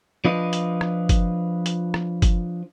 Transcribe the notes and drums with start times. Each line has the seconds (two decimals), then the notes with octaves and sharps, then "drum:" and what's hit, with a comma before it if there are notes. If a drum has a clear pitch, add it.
0.25 F3 D4 F4 B4 D#5
0.53 drum: hi-hat
0.81 drum: rim click
1.09 drum: kick, hi-hat
1.66 drum: hi-hat
1.94 drum: rim click
2.22 drum: kick, hi-hat